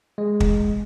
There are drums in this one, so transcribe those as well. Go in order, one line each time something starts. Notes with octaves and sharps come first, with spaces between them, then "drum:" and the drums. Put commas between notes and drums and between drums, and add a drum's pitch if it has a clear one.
G#3
drum: kick